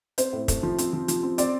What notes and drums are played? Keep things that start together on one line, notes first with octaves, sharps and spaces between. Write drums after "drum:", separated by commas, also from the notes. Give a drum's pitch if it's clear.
C4 C5, drum: hi-hat
A2
A3, drum: kick, hi-hat
F3
C4, drum: hi-hat
F3
F3, drum: hi-hat
C4
C4 D5, drum: hi-hat